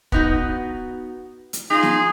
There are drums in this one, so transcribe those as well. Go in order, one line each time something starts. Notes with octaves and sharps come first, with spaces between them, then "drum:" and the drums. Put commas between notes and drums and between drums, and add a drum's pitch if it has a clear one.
B3 D#4 F#4, drum: kick
drum: hi-hat
D#4 F4 G#4
drum: snare